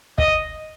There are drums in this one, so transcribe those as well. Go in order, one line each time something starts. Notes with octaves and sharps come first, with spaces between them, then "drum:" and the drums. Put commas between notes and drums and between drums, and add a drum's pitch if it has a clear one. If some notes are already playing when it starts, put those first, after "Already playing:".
D#5, drum: kick